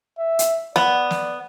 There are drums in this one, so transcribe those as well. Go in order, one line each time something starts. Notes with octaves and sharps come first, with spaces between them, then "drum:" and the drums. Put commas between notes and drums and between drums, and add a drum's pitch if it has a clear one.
E5
drum: hi-hat
B3 D5, drum: snare
drum: snare